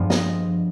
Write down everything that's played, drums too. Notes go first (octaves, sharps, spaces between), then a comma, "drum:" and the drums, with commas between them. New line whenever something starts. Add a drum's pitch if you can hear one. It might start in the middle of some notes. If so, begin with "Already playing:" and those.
Already playing: G2 F3 G#3 B3
D#5, drum: snare